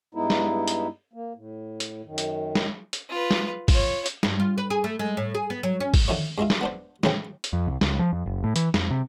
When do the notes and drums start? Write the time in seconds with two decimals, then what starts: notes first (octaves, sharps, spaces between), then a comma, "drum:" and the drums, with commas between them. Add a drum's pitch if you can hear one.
0.15 G2 G#3 B3 D#4 E4
0.30 drum: snare
0.68 drum: hi-hat
1.13 A#3
1.35 A2
1.80 drum: hi-hat
2.04 F#2 D#3
2.18 drum: hi-hat
2.55 drum: snare
2.93 drum: hi-hat
3.10 F4 B4
3.31 drum: snare
3.68 F4 C#5, drum: kick, open hi-hat
4.06 drum: hi-hat
4.23 G2, drum: snare
4.40 F4
4.58 B4
4.70 G#4
4.84 A3
4.99 G#3
5.17 A2
5.35 G#4
5.50 B3
5.63 F#3
5.80 C#4
5.94 drum: kick, open hi-hat
6.08 D3 D#3 F3 E4 C#5
6.38 G2 G#3 E4 F4
6.50 drum: snare
6.61 B3 D4 C5
7.03 A2 C#3 E3 C5 G5, drum: snare
7.44 drum: hi-hat
7.53 F2
7.67 C2
7.81 C#2, drum: snare
7.99 F3
8.13 F2
8.26 F#1
8.44 A2
8.56 E3, drum: hi-hat
8.74 F2, drum: snare
8.90 C3